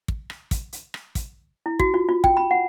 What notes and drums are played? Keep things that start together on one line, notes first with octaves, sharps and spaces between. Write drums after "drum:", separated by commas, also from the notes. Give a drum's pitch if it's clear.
drum: kick
drum: rim click
drum: kick, hi-hat
drum: hi-hat
drum: rim click
drum: kick, hi-hat
E4
F#4, drum: kick
F4
F4
G5, drum: kick
B5
F#5